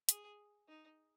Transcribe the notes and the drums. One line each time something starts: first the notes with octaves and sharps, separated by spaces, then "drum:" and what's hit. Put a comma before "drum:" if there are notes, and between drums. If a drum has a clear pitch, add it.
G#4, drum: hi-hat
D#4